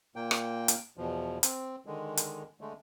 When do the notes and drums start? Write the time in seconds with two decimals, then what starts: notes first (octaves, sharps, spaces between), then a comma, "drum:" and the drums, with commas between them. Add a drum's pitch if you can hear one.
0.16 A#2 A#3 G5
0.31 drum: rim click
0.68 drum: hi-hat
0.97 E2 B2 F3
1.43 C4, drum: hi-hat
1.86 D3 D#3 G#3
2.17 drum: hi-hat
2.61 D3 G#3 A3